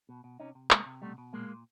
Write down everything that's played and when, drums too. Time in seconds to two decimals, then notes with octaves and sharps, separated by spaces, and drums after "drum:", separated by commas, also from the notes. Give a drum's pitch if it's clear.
0.09 B2
0.24 B2
0.40 C3 C#4 D#4
0.55 C3
0.71 C3 G#3 A#3, drum: clap
0.86 C3
1.02 B2 G3 A3
1.18 B2
1.33 A#2 G#3 A#3
1.48 A#2